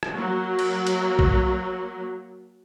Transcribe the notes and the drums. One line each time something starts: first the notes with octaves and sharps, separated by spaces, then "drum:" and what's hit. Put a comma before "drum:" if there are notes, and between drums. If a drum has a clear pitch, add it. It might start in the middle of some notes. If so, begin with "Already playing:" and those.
drum: rim click
F#3 A#3
drum: cymbal
drum: cymbal
drum: kick A#1